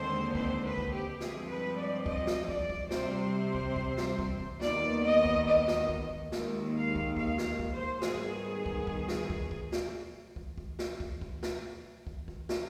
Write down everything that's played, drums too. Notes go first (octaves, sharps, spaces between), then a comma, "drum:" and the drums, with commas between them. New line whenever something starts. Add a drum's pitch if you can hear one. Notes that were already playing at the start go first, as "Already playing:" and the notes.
Already playing: D#2 D3 G#3 C4 C5
C5, drum: kick
B4
drum: kick
G4
G2 F3 G#3 C4 G#4, drum: snare
B4
D5
D#5, drum: kick
drum: snare
D5, drum: kick
drum: kick
C3 G3 C4 C5, drum: snare
drum: kick
drum: kick
drum: snare
drum: kick
drum: kick
D#2 D#3 B3 D5, drum: snare
D#5
drum: kick
D#5, drum: kick
drum: snare
drum: kick
drum: kick
D#2 D#3 G#3, drum: snare
F5
drum: kick
F5, drum: kick
drum: snare
drum: kick
C5
G#2 D#3 G3 B3 G#4, drum: snare
drum: kick
drum: kick
drum: snare
drum: kick
drum: kick
drum: snare
drum: kick
drum: kick
drum: snare
drum: kick
drum: kick
drum: snare
drum: kick
drum: kick
drum: snare